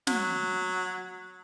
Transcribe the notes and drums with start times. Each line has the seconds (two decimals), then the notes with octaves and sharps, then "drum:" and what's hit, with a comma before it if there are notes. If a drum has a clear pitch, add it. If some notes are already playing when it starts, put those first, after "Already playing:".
0.07 F#3, drum: snare